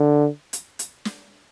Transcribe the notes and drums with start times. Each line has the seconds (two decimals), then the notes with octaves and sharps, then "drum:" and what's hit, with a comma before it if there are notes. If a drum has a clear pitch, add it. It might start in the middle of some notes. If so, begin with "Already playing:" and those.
Already playing: D3
0.53 drum: hi-hat
0.79 drum: hi-hat
1.05 drum: snare